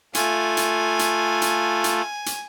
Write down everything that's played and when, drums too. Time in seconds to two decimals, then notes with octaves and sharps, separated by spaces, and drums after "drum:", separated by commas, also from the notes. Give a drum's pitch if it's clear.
0.15 A3 F4 G#5, drum: hi-hat
0.57 drum: hi-hat
0.99 drum: hi-hat
1.42 drum: hi-hat
1.84 drum: hi-hat
2.26 drum: hi-hat